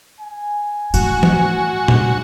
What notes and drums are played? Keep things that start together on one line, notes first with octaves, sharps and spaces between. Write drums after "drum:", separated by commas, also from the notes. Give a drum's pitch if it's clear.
G#5
A2 F#4, drum: tambourine
drum: tom E3
drum: tom A#2